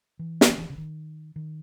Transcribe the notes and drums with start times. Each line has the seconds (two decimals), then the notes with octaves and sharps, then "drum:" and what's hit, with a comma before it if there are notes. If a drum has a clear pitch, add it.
0.19 E3
0.41 drum: snare
0.58 E3
0.70 C#3
0.78 D#3
1.36 D#3